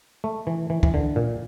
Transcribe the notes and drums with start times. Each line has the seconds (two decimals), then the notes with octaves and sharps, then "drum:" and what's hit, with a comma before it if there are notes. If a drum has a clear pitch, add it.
0.24 A3
0.47 E3
0.70 E3
0.83 E3, drum: kick
0.94 D3
1.16 A#2